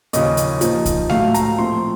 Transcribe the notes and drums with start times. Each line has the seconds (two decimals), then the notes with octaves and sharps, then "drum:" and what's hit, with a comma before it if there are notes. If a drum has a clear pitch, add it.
0.13 D#2 C#3 F3 D#5, drum: hi-hat
0.37 drum: hi-hat
0.61 A#2 F3 A#3 D#4, drum: hi-hat
0.86 drum: kick C2, hi-hat
1.10 A2 F#3 A3 F5, drum: snare G#3
1.34 A#5, drum: hi-hat
1.58 A#2 F3 A3 C4 C6